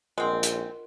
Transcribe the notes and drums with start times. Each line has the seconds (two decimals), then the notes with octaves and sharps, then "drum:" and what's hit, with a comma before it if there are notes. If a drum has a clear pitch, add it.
0.18 A#1 G#3 C4 F4 A#4 D#5 F#5 C6
0.43 drum: hi-hat